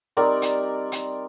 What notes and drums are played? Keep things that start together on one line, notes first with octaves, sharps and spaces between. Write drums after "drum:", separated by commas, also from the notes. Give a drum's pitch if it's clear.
G3 C4 D#4 G4 A#4 D5
drum: hi-hat
drum: hi-hat